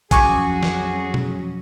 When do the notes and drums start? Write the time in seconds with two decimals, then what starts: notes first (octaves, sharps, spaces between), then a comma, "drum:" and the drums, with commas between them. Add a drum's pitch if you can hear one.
0.11 F2 F#3 C#4 F#4 G#4 G#5 C#6 D6, drum: kick A#1, hi-hat
0.63 drum: snare
1.14 drum: tom B2